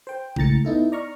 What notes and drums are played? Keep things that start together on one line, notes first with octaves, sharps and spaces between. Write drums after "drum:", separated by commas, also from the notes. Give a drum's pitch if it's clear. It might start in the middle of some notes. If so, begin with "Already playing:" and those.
C5 G5
C#2 A2 A#5 A6 C#7, drum: kick A1
B3 D#4 E4 A4
D5 A#5 C#6 F6